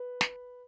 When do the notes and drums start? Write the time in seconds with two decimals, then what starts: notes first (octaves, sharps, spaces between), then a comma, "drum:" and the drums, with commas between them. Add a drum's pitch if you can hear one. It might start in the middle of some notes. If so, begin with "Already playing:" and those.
Already playing: B4
0.21 drum: snare